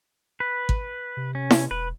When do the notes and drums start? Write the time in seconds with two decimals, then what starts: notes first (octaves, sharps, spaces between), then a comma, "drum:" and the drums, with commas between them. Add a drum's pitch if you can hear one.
0.40 B4
0.69 drum: kick
1.17 C3
1.35 C#4
1.51 drum: snare E4
1.71 E1 B4